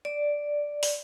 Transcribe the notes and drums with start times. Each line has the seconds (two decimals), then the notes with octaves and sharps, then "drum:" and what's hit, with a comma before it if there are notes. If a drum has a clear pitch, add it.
0.05 D5
0.83 drum: open hi-hat